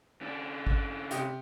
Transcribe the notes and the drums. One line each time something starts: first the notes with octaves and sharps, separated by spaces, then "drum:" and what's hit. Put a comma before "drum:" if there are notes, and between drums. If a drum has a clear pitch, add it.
C#3 D4
drum: kick
C3 G4 D#6, drum: hi-hat